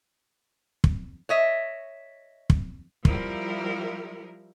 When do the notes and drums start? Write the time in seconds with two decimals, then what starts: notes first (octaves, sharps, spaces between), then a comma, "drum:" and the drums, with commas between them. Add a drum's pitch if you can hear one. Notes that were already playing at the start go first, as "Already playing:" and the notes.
0.84 drum: kick
1.29 C#5 D#5 E5
2.50 drum: kick
3.05 F3 G3 E4 A#4, drum: kick